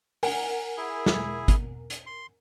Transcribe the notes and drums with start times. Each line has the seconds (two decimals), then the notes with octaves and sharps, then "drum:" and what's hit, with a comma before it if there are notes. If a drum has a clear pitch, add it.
0.23 A#4 F#5 G#5, drum: open hi-hat
0.77 E4 G#4
1.06 drum: snare
1.48 drum: kick, hi-hat
1.90 drum: hi-hat
2.06 C6